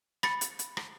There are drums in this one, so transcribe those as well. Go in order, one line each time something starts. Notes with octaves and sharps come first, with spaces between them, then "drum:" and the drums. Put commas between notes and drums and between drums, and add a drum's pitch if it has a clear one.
B5 A6 C#7, drum: rim click
drum: hi-hat
drum: hi-hat
drum: rim click